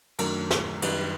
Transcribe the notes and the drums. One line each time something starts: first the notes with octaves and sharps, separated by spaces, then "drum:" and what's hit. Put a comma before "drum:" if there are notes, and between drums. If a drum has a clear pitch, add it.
F#2 D#3 F#3 A3 D4 A#4, drum: cymbal
drum: snare
F#2 D#3 G3 B4, drum: cymbal